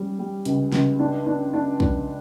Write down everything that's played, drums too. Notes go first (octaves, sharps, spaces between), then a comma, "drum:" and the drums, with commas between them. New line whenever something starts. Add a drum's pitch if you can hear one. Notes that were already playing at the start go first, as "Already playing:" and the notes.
Already playing: G3 C#4
G3
C#2, drum: hi-hat
C#2, drum: snare
D4
D4
D4
D4, drum: kick